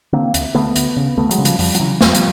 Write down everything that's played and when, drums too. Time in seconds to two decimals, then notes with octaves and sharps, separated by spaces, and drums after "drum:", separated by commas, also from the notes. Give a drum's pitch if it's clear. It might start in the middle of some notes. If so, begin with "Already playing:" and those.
0.13 D3 A#3 C4
0.34 D2, drum: hi-hat
0.55 D3 A3 B3
0.76 D2, drum: hi-hat
0.97 C#3
1.17 D2 A3 B3
1.31 F#3 G#3, drum: hi-hat
1.38 C#3
1.45 F3 G3, drum: hi-hat
1.59 F2 F3 G3, drum: open hi-hat
1.75 F3, drum: hi-hat
1.79 C#3 E3 F#3
2.01 F2 F3 G3, drum: snare
2.15 drum: hi-hat